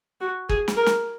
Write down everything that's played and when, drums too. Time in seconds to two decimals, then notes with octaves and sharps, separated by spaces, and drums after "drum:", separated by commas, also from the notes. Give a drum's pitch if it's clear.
0.21 F#4
0.49 G#4, drum: kick
0.68 drum: snare
0.77 A#4
0.86 drum: snare